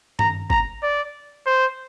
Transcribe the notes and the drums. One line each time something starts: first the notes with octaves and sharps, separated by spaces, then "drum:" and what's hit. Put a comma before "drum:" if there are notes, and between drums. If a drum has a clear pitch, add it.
A#5, drum: tom G2
A#5, drum: kick
D5
C5